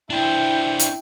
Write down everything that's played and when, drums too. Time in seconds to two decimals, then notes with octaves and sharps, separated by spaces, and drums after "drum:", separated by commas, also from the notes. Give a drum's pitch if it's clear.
0.10 D4 E4 C5 G5
0.79 drum: hi-hat